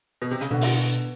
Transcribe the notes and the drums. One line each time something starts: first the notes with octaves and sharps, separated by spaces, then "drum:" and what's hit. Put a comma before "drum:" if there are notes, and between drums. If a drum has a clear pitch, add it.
B2
C3
C#3, drum: hi-hat
B2 D3
drum: open hi-hat